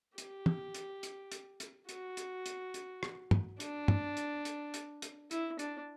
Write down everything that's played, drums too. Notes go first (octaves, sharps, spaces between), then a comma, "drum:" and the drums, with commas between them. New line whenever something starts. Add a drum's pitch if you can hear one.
G4, drum: hi-hat
drum: tom
drum: hi-hat
drum: hi-hat
drum: hi-hat
drum: hi-hat
F#4, drum: hi-hat
drum: hi-hat
drum: hi-hat
drum: hi-hat
drum: rim click
drum: tom
D4, drum: hi-hat
drum: tom
drum: hi-hat
drum: hi-hat
drum: hi-hat
drum: hi-hat
E4, drum: hi-hat
D4, drum: hi-hat